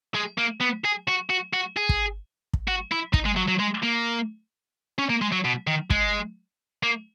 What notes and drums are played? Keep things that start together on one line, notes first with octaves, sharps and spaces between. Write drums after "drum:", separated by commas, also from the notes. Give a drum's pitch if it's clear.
G#3
A#3
B3
G#4
F#4
F#4
F#4
G#4
drum: kick
drum: kick
F#4
E4
D#4, drum: kick
G#3
F#3
F#3
G#3
A#3
C#4
A#3
G#3
F#3
B2
D#3
G#3, drum: kick
A#3